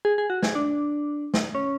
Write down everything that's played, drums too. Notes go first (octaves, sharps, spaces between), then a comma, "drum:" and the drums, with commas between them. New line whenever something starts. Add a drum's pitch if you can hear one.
G#4
G#4
F#4
G#4, drum: snare
D4
drum: snare
C#4